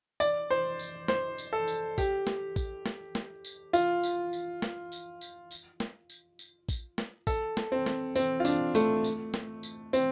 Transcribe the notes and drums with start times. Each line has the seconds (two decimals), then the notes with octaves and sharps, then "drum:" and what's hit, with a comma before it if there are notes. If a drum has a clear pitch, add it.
0.20 D5, drum: tambourine
0.50 C5
0.79 drum: tambourine
1.08 C5, drum: snare
1.38 drum: tambourine
1.53 A4
1.68 drum: tambourine
1.98 G4, drum: kick, tambourine
2.27 drum: snare
2.56 drum: kick, tambourine
2.86 drum: snare
3.15 drum: snare
3.45 drum: tambourine
3.73 F4, drum: tambourine
4.03 drum: tambourine
4.33 drum: tambourine
4.62 drum: snare
4.92 drum: tambourine
5.21 drum: tambourine
5.51 drum: tambourine
5.80 drum: snare
6.10 drum: tambourine
6.39 drum: tambourine
6.69 drum: kick, tambourine
6.98 drum: snare
7.27 A4, drum: kick, tambourine
7.57 drum: snare
7.72 C4
7.86 drum: snare
8.16 C4, drum: tambourine
8.40 F4
8.45 D4, drum: tambourine
8.75 A3, drum: tambourine
9.04 drum: tambourine
9.34 drum: snare
9.63 drum: tambourine
9.93 C4, drum: tambourine